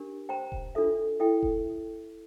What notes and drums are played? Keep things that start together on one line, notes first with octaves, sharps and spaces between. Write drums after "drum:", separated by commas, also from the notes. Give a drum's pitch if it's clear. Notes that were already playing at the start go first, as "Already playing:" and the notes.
Already playing: D4 G4 A#4
C5 G5 A#5
drum: kick E1
D4 F4 A4 E5
E4 A4 E5 G5
drum: kick E1